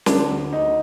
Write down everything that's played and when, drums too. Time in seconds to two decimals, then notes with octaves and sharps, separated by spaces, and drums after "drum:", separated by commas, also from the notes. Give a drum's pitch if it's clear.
0.06 D2 D4, drum: snare
0.29 D2
0.53 D2 D#4